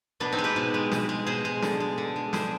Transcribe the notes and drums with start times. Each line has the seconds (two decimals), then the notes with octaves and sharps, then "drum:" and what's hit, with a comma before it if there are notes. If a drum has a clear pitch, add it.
0.20 B2 B3 D4
0.32 C4 D#4
0.38 G#3
0.44 G4 B4
0.56 B2
0.74 G#3
0.92 B2, drum: snare
1.09 G#3
1.26 B2 G#4 C5
1.45 G#3
1.62 D3, drum: snare
1.80 G#3
1.98 D3
2.16 G#3
2.33 D3 G#4 C5, drum: snare